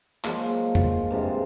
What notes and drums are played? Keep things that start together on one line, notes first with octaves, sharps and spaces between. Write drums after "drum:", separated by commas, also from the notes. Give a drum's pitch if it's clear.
F3 F#3 G#3 A#3, drum: clap
F4, drum: tom E2
G2 C3 F3 G#3